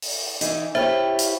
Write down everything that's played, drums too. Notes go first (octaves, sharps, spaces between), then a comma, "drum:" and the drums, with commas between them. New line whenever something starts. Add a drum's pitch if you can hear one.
drum: open hi-hat
E3 D#4, drum: hi-hat
E4 G4 C5 C#5 E5
drum: hi-hat